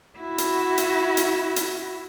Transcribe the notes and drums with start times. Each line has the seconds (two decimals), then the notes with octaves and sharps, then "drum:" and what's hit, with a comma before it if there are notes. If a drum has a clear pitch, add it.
0.19 E4 F#4
0.38 drum: hi-hat
0.78 drum: hi-hat
1.17 drum: hi-hat
1.56 drum: hi-hat